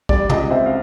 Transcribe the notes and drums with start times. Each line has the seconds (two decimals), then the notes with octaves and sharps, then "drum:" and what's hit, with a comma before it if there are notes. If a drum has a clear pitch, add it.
0.09 G3 D5, drum: kick A#1
0.29 C#2 D#5, drum: tom
0.50 C4 E5
0.66 F5